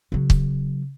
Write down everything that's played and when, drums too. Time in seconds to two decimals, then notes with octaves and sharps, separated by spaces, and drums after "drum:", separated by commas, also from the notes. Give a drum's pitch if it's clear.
0.12 C#3 F#3
0.30 drum: kick